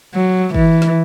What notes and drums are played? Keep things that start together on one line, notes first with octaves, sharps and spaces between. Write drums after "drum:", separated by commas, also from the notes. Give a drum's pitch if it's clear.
F#3
E3, drum: kick
drum: snare